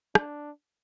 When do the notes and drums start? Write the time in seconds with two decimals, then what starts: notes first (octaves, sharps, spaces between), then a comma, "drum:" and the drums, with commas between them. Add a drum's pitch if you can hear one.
0.15 D4, drum: rim click